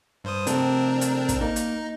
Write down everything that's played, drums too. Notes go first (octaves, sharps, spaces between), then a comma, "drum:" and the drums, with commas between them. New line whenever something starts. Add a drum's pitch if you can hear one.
G2 C5 D#6
C3 A3 C4 D4 A4 A#4, drum: hi-hat
drum: hi-hat
drum: kick, hi-hat
A#3 D#4 A#4
drum: hi-hat